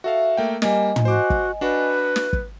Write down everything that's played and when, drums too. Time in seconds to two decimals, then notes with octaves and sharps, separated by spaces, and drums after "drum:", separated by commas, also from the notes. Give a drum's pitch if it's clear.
0.04 F#4 A4 E5 F5
0.37 A3 A#3 G5
0.62 G3 A#3 D#5 G#5, drum: snare
0.96 drum: tom
1.05 F#4 C5 D6
1.30 drum: kick
1.61 D4 F#4 B4
2.16 drum: snare
2.33 drum: kick